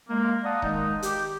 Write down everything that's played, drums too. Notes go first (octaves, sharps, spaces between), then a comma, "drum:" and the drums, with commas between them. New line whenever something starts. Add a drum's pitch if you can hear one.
G#3 A#3
D5 F5 F#5 A5 A#5 D#6
D#3 G#3 D#4, drum: kick D#1
G4, drum: hi-hat